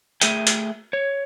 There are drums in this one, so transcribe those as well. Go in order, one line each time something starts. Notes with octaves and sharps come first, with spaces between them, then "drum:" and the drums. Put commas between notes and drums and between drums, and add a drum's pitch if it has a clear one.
A3 G#4 E5 G5, drum: hi-hat
drum: hi-hat
C#5